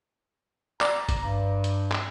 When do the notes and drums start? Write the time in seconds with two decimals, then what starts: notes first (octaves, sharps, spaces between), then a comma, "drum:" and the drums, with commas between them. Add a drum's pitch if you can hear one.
0.81 D5 A#5, drum: clap
1.09 drum: kick G1, hi-hat
1.23 G2
1.64 drum: hi-hat
1.92 drum: clap